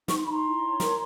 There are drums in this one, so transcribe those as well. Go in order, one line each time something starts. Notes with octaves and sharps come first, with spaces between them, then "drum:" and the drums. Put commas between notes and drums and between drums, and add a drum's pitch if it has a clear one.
D#4 C#6, drum: snare
C6
B5
D#4 A#5 C6
E4
C#5
A#4, drum: snare